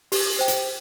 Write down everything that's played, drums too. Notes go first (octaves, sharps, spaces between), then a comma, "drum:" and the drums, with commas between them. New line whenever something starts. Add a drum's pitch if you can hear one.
G4, drum: open hi-hat
C5 G5
drum: hi-hat